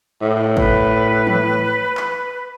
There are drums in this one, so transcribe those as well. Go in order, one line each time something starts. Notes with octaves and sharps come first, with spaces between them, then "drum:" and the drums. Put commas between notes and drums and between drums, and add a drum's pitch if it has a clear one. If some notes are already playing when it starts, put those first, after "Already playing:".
A2
B4, drum: kick
drum: tom E3
drum: clap